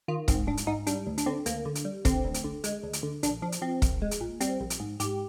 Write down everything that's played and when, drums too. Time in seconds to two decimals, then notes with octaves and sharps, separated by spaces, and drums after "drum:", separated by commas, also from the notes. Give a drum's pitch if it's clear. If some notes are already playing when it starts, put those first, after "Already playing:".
0.08 D#3 F4
0.28 G#2 C4, drum: kick, hi-hat
0.47 G#2 D4
0.57 drum: hi-hat
0.67 G#2 D#4
0.87 G3 D4, drum: hi-hat
1.07 D2
1.18 D4, drum: hi-hat
1.26 D3 C4
1.46 D2 A#3, drum: hi-hat
1.65 D3
1.75 drum: hi-hat
1.85 G3
2.05 D3 C4, drum: kick, hi-hat
2.25 D2
2.34 drum: hi-hat
2.44 D3
2.64 G#3, drum: hi-hat
2.83 D2
2.93 drum: hi-hat
3.03 D3
3.23 A#1 D4, drum: hi-hat
3.42 F3 D4
3.52 drum: hi-hat
3.62 F3 C4
3.82 A#1, drum: kick, hi-hat
4.02 G#3
4.11 drum: hi-hat
4.21 A#2
4.41 G3 C4, drum: hi-hat
4.60 A#1
4.70 drum: hi-hat
4.80 G#2
5.00 G#2 G4, drum: hi-hat